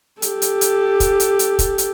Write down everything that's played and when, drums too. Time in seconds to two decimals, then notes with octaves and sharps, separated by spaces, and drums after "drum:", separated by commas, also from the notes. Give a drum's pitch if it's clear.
0.22 G4 A4, drum: hi-hat
0.42 drum: hi-hat
0.61 drum: hi-hat
1.00 drum: kick, hi-hat
1.20 drum: hi-hat
1.39 drum: hi-hat
1.59 drum: kick, hi-hat
1.78 drum: hi-hat